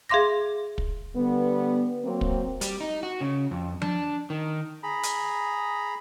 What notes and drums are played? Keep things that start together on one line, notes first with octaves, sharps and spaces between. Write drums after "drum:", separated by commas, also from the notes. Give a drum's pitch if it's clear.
G#4 E5 F5 C6 D6 A#6
drum: kick
D3 G3 B3
F#3 A#3 C4
drum: kick
G3, drum: hi-hat
D#4
F#4
C#3
F2
D4, drum: tom F3
D#3
G#4 A#5 B5
drum: hi-hat